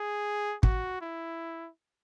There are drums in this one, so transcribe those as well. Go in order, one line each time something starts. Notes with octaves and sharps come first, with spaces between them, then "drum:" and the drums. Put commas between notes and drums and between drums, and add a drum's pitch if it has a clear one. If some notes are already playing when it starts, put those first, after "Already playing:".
Already playing: G#4
F#4, drum: kick
E4